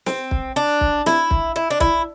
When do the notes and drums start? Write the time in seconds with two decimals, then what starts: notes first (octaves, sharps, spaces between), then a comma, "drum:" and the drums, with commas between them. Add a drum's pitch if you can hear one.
0.06 C4, drum: snare
0.31 drum: kick
0.56 D4
0.81 drum: kick
1.06 E4, drum: snare
1.31 drum: kick
1.56 E4
1.70 D4
1.80 E4, drum: kick